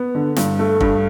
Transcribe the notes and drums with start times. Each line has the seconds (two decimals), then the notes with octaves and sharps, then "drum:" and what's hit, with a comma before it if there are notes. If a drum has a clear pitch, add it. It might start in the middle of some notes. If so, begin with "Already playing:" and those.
Already playing: B3
0.15 D3
0.36 G2, drum: snare
0.59 A3
0.81 G2, drum: kick